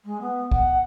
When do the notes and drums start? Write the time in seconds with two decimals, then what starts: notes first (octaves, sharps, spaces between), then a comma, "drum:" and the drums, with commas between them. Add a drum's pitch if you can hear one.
0.04 G#3
0.20 B3
0.52 F#5, drum: kick